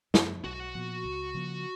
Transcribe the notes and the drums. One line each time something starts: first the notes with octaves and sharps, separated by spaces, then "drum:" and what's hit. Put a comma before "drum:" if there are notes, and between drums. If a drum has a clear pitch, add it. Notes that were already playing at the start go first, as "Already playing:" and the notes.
F#2 F3 A#3, drum: snare
B1 F#4
A#2 F3 B3
C#2
C#3 F3 A#3